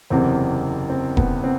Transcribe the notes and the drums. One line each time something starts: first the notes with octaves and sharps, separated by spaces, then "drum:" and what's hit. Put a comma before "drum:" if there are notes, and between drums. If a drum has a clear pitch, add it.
F#1 E2 C3 C4
C4
B3, drum: kick E1
C4